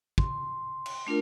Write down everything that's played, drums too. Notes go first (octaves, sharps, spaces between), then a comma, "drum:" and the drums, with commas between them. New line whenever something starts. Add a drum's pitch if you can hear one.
C6, drum: kick
drum: cymbal
A3 D4 F4 A#4